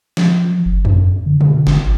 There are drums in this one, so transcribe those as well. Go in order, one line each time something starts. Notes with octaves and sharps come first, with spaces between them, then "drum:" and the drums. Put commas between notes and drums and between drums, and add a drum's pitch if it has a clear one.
F3, drum: snare
F#1
F#2, drum: tom
D3
drum: tom
G#1, drum: snare